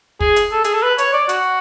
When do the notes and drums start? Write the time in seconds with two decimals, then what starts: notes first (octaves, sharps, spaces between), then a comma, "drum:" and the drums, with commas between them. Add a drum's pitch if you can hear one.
0.21 G#4, drum: kick
0.36 drum: hi-hat
0.52 A4
0.64 G#4, drum: hi-hat
0.74 A4
0.83 B4
0.98 C#5, drum: hi-hat
1.13 D5
1.29 F#4, drum: hi-hat